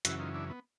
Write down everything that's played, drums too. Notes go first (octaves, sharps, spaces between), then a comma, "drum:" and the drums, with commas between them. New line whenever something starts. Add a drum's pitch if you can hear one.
F#2 C#3 E3 E4 F#4, drum: hi-hat
D#4 F4
D4 E4
B3